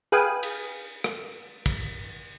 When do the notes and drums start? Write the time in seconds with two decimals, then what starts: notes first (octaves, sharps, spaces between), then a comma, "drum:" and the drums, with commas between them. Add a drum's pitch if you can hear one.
0.12 G#4 B4 F5 G5 G#5 D#6
0.43 drum: cymbal
1.04 drum: rim click
1.66 drum: kick, cymbal